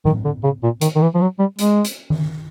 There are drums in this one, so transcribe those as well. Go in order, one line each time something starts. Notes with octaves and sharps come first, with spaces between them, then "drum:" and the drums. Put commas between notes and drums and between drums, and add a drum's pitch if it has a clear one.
D#3, drum: tom A2
D3
C#3
A#2
D#3, drum: hi-hat
D#3
E3
F3
F#3
G3
G#3, drum: hi-hat
drum: hi-hat
drum: tom D#3